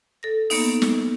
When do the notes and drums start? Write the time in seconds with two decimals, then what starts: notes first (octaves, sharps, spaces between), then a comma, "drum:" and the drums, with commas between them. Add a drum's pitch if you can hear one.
0.23 A4 A#6
0.50 A#3 B3 D#4, drum: open hi-hat
0.82 drum: snare